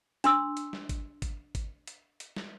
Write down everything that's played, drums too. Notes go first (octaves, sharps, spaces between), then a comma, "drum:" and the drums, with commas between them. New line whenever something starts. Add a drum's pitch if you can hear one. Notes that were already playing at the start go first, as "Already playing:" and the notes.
D4 C6 E6, drum: hi-hat
drum: hi-hat
drum: snare
drum: kick G#1, hi-hat
drum: kick G#1, hi-hat
drum: kick G#1, hi-hat
drum: hi-hat
drum: hi-hat
drum: snare